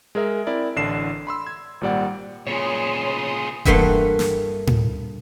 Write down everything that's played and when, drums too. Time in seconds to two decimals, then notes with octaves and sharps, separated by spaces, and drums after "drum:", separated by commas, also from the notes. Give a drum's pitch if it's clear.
0.15 G#3 G#4 A#4 E5
0.47 C4 E4 A#4 D5
0.76 A1 D3 D4 C7 E7
1.27 B5 C6 E6
1.47 G#6
1.81 G#1 A#2 G3 D5 F#5
2.47 A#2 C#3 C#5 C6 D#6
3.65 G2 E3 A3 A#3 F#5 C6, drum: kick E1
4.19 drum: snare
4.67 drum: tom A2